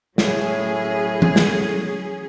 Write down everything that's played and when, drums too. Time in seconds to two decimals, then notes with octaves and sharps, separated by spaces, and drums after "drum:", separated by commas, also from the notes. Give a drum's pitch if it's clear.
0.18 A2 F#3 C#4 G#4, drum: snare
1.22 drum: tom
1.36 drum: snare